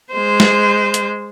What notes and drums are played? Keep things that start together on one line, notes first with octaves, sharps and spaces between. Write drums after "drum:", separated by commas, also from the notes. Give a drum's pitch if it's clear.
G#3 C5
drum: snare
drum: hi-hat